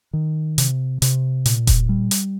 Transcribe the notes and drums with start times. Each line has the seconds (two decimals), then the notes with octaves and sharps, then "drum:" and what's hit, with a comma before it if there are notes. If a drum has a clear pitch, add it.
0.13 D#3
0.58 C3, drum: hi-hat
1.02 C3, drum: hi-hat
1.46 A#2, drum: hi-hat
1.67 drum: kick E1, hi-hat
1.89 G3
2.11 drum: hi-hat